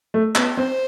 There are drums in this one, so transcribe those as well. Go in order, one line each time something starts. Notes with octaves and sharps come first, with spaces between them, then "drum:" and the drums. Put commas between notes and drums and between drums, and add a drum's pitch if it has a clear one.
A3
B3, drum: clap
C4 C5